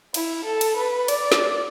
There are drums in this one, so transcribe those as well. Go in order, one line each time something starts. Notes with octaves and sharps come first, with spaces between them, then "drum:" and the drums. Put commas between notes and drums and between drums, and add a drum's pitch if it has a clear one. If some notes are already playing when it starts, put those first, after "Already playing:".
E4, drum: cymbal
A4
drum: cymbal
B4
D5, drum: cymbal
drum: snare